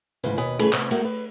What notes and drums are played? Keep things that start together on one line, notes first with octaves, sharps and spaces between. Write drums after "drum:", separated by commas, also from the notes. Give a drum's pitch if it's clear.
D2 G#2 C#3 E3 B4
D#2 B2 B4 D#5 G#5
G2 C#3 E3 A3 G#4 B4, drum: cymbal
C3 B3, drum: clap
G3 A3 A#3 F#4, drum: cymbal
B4